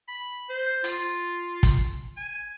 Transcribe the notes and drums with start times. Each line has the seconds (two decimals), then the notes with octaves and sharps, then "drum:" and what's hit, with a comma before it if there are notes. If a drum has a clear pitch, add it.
0.08 B5
0.50 C5
0.84 F4, drum: hi-hat
1.63 drum: kick, hi-hat
2.17 G#5